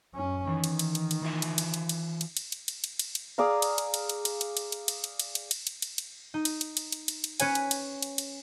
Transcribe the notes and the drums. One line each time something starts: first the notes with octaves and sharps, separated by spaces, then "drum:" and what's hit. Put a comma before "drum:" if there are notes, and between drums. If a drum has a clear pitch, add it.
F#2 C#4
D#3 E3
drum: cymbal
drum: cymbal
drum: cymbal
drum: cymbal
E3 F4 E5
drum: cymbal
drum: cymbal
drum: cymbal
drum: cymbal
drum: cymbal
drum: cymbal
drum: cymbal
drum: cymbal
drum: cymbal
drum: cymbal
drum: cymbal
G#4 D5 F5 A#5
drum: cymbal
drum: cymbal
drum: cymbal
drum: cymbal
drum: cymbal
drum: cymbal
drum: cymbal
drum: cymbal
drum: cymbal
drum: cymbal
drum: cymbal
drum: cymbal
drum: cymbal
drum: cymbal
drum: cymbal
drum: cymbal
D#4
drum: cymbal
drum: cymbal
drum: cymbal
drum: cymbal
drum: cymbal
drum: cymbal
C#4 B4 C#5 G#5, drum: cymbal
drum: cymbal
drum: cymbal
drum: cymbal
drum: cymbal